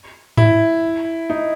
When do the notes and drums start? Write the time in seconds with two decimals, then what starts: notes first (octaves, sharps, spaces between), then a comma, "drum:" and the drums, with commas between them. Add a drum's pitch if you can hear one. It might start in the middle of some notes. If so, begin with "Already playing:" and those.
0.37 E4, drum: tom G#2
1.30 D#4